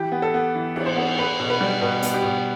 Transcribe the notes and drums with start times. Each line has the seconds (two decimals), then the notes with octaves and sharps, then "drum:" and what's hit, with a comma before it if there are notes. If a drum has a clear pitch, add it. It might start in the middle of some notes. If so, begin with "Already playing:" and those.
Already playing: E3 G4
0.12 B3
0.22 A4
0.34 B3
0.55 E3
0.76 E3, drum: cymbal
0.86 C5
0.96 B3
1.19 B3 B4
1.40 B2
1.50 B4
1.61 G3
1.81 B2 B4
2.03 B3, drum: hi-hat
2.14 G4
2.23 B2